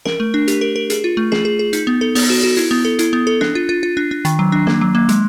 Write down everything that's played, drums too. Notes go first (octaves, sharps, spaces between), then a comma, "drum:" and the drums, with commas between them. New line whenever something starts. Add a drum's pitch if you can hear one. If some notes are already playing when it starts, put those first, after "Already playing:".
A#4, drum: snare
A3
D4
G4, drum: hi-hat
A#4
A#4
G#4, drum: hi-hat
F4
A3
G#4, drum: snare
G#4
G#4
D#4, drum: hi-hat
B3
A4
B3, drum: open hi-hat
F#4
F#4
E4, drum: hi-hat
B3
A4
E4, drum: hi-hat
B3
A4
D4, drum: snare
F4
F4
F4
D4
D4
D#3, drum: hi-hat
F#3
D4
A#3, drum: snare
F#3
A#3
G#3, drum: hi-hat